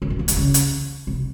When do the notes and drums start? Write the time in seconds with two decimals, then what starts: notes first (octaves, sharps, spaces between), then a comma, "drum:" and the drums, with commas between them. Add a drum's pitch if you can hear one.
0.02 C#3
0.10 D#3
0.19 E3
0.28 D3, drum: hi-hat
0.37 C#3
0.54 drum: hi-hat
1.07 C3